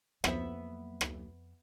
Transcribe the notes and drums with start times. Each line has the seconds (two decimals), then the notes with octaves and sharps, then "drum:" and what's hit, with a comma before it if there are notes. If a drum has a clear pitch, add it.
0.24 F2 F#3 A#3 B3 C5 E5 F#5, drum: rim click
1.01 drum: rim click